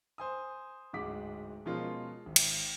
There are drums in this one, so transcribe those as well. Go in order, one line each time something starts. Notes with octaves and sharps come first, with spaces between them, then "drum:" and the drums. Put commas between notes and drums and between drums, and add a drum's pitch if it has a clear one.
C5 G#5 D#6
D1 G#2 G#3 F#5 D6 B6
B2 F3 G#3 C#4 F4 A#4
G#1
drum: cymbal